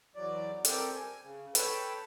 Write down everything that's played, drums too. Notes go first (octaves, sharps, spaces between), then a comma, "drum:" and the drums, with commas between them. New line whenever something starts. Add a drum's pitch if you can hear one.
E2 F#3 D5
G3 C4 G4 A4 A#4 G5, drum: hi-hat
G#5
C#3
A4 B4 C#5 G5 A5, drum: hi-hat